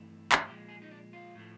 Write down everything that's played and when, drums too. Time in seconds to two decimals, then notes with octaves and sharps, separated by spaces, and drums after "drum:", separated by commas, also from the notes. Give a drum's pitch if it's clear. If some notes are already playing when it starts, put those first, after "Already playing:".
Already playing: G2 E3 A3
0.32 drum: clap
0.47 A#2 F3 G#3 G4
0.69 G#4
0.82 D#4
0.91 D4
1.13 F4
1.35 A2 F3 A3